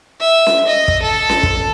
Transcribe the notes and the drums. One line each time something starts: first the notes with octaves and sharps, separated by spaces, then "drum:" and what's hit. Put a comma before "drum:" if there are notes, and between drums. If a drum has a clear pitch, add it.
E5
drum: snare C#4
D#5
drum: kick
A4
drum: snare C#4
drum: kick